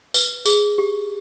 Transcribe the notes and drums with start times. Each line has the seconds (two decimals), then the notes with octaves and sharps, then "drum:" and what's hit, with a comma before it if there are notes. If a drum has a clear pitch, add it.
0.14 B4, drum: tambourine
0.45 G#4, drum: tambourine
0.78 G4